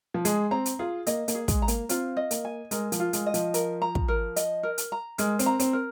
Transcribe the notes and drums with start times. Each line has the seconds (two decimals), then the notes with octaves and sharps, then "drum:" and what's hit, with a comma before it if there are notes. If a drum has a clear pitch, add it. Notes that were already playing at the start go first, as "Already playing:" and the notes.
0.14 F3
0.25 G#3 G#4, drum: hi-hat
0.51 C4 A#5
0.66 drum: hi-hat
0.79 F4 G#4
1.07 A#3 D#5, drum: hi-hat
1.28 A#3, drum: hi-hat
1.35 G#4
1.48 G#3, drum: kick, hi-hat
1.62 A#5
1.68 A#3, drum: hi-hat
1.89 C4 F4, drum: hi-hat
2.17 D#5
2.31 A#3, drum: hi-hat
2.45 G#5
2.71 G#3 A#4, drum: hi-hat
2.92 F3, drum: hi-hat
3.00 F4
3.13 G#3, drum: hi-hat
3.26 D#5
3.34 F3, drum: hi-hat
3.54 A#4, drum: hi-hat
3.82 A#5
3.95 drum: kick
4.08 A#4
4.36 D#5, drum: hi-hat
4.63 A#4
4.78 drum: hi-hat
4.92 A#5
5.18 G#3 A#4, drum: hi-hat
5.39 C4, drum: hi-hat
5.46 A#5
5.60 C4, drum: hi-hat
5.73 A#4